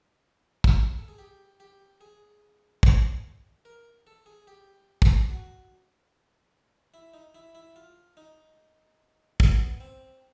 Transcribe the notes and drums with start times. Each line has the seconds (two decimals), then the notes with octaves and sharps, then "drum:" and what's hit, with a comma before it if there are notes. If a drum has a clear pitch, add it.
0.64 drum: kick
0.98 A4
1.08 G#4
1.18 G4
1.60 G4
2.01 G#4
2.83 drum: kick
3.65 A#4
4.07 A4
4.26 G#4
4.47 G4
5.02 drum: kick
5.30 F#4
6.94 E4
7.14 D#4
7.35 E4
7.55 E4
7.76 F4
8.17 D#4
9.40 B3, drum: kick
9.80 C4